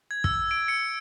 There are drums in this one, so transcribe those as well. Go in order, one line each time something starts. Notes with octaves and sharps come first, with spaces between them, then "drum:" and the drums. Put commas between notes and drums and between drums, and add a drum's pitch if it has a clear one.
G#6
E6, drum: kick
D7
C#7